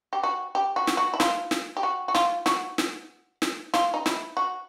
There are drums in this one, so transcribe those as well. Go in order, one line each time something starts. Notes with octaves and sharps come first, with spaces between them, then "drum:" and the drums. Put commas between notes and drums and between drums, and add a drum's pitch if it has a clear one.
G4
F#4
G4
F#4
drum: snare
F#4
E4
F4, drum: snare
drum: snare
G4
F#4
F#4
F4, drum: snare
F#4, drum: snare
drum: snare
drum: snare
F4, drum: snare
D#4
E4, drum: snare
F#4